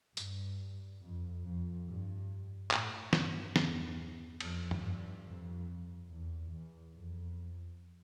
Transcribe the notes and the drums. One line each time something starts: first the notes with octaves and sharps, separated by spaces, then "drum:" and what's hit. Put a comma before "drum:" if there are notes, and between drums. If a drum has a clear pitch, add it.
G2, drum: tambourine
F2
F2
G2
A2, drum: clap
G2, drum: snare
E2, drum: snare
F2, drum: cymbal
drum: tom F#2
G2
F2
E2
E2
F2